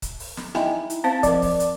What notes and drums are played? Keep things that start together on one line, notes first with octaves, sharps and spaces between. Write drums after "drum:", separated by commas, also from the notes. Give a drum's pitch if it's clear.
drum: kick, hi-hat
drum: open hi-hat
drum: snare
D#4 E4 G5 G#5, drum: snare
drum: hi-hat
C4 C5 F5 A5
F3 A#4 D5, drum: kick, hi-hat
drum: kick, open hi-hat
drum: hi-hat